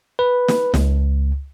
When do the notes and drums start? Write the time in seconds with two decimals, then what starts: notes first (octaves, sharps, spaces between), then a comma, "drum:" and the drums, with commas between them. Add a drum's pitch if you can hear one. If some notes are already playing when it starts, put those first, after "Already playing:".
0.19 B4
0.48 drum: snare
0.74 C#2, drum: snare